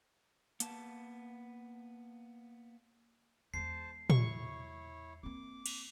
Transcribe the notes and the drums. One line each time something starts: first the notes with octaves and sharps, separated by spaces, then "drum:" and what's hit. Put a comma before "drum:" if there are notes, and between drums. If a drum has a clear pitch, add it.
A#3 B3 A5, drum: hi-hat
E2 G#3 C5 A5 C7
E4 C#5 C#6, drum: tom
A#3 C4 D6
drum: cymbal